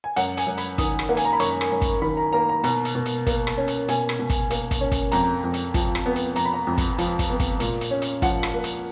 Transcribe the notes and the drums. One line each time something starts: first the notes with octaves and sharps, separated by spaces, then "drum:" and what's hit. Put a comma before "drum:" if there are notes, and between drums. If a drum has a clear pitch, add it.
G#5
F#2 F#5, drum: hi-hat
G#5, drum: hi-hat
F#2
B5, drum: hi-hat
D#3 D#6, drum: kick, hi-hat
drum: rim click
A#3 F#5
G#5, drum: hi-hat
A#5
B5
F#2 C#6, drum: hi-hat
drum: rim click
F#2
drum: kick, hi-hat
D#3 B5
A#5
A#3 A#5
A#5
B2 A#5, drum: hi-hat
drum: hi-hat
B2
drum: hi-hat
A#3, drum: kick, hi-hat
drum: rim click
C#4
drum: hi-hat
B2 G#5, drum: hi-hat
drum: rim click
B2
drum: kick, hi-hat
A#3, drum: hi-hat
drum: kick, hi-hat
C#4
drum: kick, hi-hat
F2 A#5, drum: hi-hat
F2
drum: hi-hat
F3, drum: kick, hi-hat
drum: rim click
B3
drum: hi-hat
F2 A#5, drum: hi-hat
B5
A#5
F2
drum: kick, hi-hat
F3, drum: hi-hat
drum: kick, hi-hat
B3
drum: kick, hi-hat
A#2, drum: hi-hat
drum: hi-hat
C#4
drum: hi-hat
F3 F#5, drum: kick, hi-hat
drum: rim click
A#3
drum: hi-hat